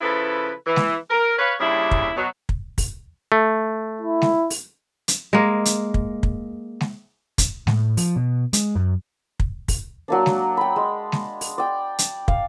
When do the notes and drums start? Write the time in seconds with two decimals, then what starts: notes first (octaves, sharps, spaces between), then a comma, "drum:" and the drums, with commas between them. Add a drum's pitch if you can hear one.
0.01 C#3 F3 E4 A4 B4
0.66 E3
0.76 drum: snare G#3
1.10 A#4
1.38 B4 C#5 F5
1.59 D#2 C#3 G3 D4 E4 E5
1.91 drum: kick
2.16 B2 F#3
2.49 drum: kick
2.78 drum: kick, open hi-hat
3.32 A3
4.02 E4
4.22 drum: snare G#3
4.50 drum: open hi-hat
5.08 drum: hi-hat
5.33 G#3 A#3
5.65 drum: hi-hat
5.94 drum: kick
6.23 drum: kick
6.81 drum: snare G#3
7.38 drum: kick, hi-hat
7.67 A2, drum: snare G#3
7.97 F3, drum: open hi-hat
8.16 B2
8.53 G#3, drum: hi-hat
8.76 F#2
9.40 drum: kick
9.68 drum: kick, open hi-hat
10.08 F#3 A#3 D4
10.26 drum: snare G#3
10.57 G5 B5
10.76 G#3
11.12 drum: snare G#3
11.41 drum: open hi-hat
11.58 D5 G5
11.99 drum: hi-hat
12.28 F5, drum: kick